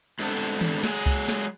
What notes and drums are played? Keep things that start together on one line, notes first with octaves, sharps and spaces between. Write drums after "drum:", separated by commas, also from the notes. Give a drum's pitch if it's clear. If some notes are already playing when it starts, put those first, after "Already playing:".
G#2 D3 G3 B3 C4 A4
drum: tom D#3
F#3 G#3 G#4, drum: snare
drum: kick C2
drum: snare